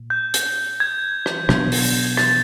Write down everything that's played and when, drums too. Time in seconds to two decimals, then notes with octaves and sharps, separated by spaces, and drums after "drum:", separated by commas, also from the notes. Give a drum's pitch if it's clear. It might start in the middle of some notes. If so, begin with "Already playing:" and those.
Already playing: A#2
0.10 G6
0.34 drum: hi-hat
0.80 G#6
1.26 drum: rim click
1.49 B2 F#3 B3 D4, drum: rim click
1.72 drum: open hi-hat
2.17 A6, drum: rim click